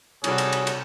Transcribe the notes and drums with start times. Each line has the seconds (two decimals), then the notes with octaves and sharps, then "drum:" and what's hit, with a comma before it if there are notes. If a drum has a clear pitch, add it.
0.24 C3 G3 F#4 G#4 A4 C#5, drum: cymbal
0.38 drum: cymbal
0.53 drum: cymbal
0.67 drum: cymbal